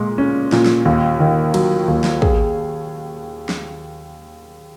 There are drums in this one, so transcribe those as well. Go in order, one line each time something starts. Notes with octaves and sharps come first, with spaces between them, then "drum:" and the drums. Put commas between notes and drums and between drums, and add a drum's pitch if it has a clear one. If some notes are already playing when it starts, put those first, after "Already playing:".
Already playing: A#2 G#3
C#4
A#2, drum: snare
drum: snare
D#2
D#3
F#3, drum: cymbal
D#2
drum: snare
G#4, drum: kick
drum: snare